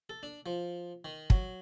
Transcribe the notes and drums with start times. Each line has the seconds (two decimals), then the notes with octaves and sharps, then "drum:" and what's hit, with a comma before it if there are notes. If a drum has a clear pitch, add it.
0.10 A4
0.23 D4
0.46 F3
1.05 D#3
1.30 F#3, drum: kick